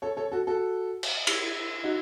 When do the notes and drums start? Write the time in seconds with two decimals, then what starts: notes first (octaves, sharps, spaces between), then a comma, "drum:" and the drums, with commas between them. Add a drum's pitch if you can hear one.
0.02 A4 C#5
0.17 A4 C#5
0.32 F#4 A4
0.47 F#4 A4
1.03 drum: cymbal
1.27 drum: cymbal
1.83 D#4 F#4